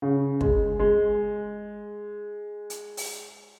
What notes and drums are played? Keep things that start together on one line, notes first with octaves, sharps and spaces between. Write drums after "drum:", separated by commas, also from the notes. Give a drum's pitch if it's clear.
C#3
G#3, drum: kick
G#3
drum: hi-hat
drum: open hi-hat